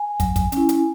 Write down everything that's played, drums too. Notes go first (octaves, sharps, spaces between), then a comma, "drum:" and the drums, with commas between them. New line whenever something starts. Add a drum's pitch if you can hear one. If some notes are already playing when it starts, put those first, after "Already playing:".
Already playing: G#5
F#3, drum: kick, hi-hat
drum: kick, hi-hat
C#4 E4, drum: hi-hat
drum: hi-hat